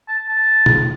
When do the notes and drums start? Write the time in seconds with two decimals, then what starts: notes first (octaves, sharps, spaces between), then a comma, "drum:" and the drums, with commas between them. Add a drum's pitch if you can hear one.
0.08 A5
0.29 A5
0.66 drum: tom